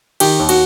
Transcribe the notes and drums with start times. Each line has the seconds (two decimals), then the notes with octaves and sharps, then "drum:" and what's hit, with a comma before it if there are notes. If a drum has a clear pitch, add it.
0.20 D#3 G4, drum: cymbal
0.39 D#2
0.49 F#4, drum: cymbal